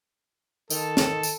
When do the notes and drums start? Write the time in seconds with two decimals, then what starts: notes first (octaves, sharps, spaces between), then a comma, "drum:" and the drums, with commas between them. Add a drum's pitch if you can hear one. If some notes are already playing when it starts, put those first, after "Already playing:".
0.70 D#3 A4, drum: tambourine
0.97 drum: snare
1.23 drum: tambourine